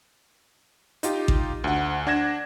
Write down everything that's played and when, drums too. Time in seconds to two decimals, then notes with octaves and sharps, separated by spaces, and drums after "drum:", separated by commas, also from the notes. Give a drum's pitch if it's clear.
1.03 D#4 F4 G4, drum: hi-hat
1.28 drum: kick A1
1.64 D2 F#5
2.07 D4 F#5 G#6 A#6 E7